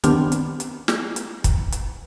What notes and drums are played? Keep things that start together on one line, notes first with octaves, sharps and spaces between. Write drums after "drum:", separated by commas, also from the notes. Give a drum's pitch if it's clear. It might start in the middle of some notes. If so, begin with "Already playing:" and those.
D#3 B3 C4 D4 G4 F6, drum: hi-hat
drum: hi-hat
drum: hi-hat
drum: snare
drum: hi-hat
drum: kick, hi-hat
drum: hi-hat